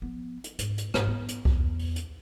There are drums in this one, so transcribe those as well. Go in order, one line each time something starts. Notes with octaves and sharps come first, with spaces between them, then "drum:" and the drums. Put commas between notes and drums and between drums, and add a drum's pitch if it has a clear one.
F3 B3
drum: hi-hat
G#2, drum: hi-hat
drum: hi-hat
G#2, drum: rim click
B3
drum: hi-hat
E2, drum: kick C2
drum: open hi-hat
drum: hi-hat